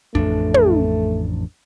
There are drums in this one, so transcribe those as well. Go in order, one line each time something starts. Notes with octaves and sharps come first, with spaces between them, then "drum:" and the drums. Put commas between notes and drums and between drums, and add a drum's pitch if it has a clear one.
A1 F2 A3 D4, drum: kick
drum: tom